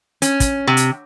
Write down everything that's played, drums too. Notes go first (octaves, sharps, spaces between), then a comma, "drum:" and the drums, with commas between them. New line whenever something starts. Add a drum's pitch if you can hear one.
C#4, drum: hi-hat
drum: kick, hi-hat
C3
drum: hi-hat